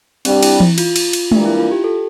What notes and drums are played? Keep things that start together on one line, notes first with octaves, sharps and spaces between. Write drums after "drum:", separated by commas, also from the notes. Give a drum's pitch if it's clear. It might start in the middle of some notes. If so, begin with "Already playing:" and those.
G3 C4 D4 G4, drum: cymbal
E4, drum: cymbal
drum: tom E3
F4, drum: cymbal
drum: cymbal
drum: cymbal
E3 G3 A#3 D4, drum: tom G#3
E4
F4
G4
A4